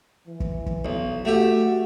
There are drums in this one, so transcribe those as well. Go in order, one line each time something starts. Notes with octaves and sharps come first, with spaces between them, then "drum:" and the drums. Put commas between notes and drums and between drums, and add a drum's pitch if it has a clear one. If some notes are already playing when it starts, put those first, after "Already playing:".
E3
drum: kick
drum: kick
B1
A3 F#4 G4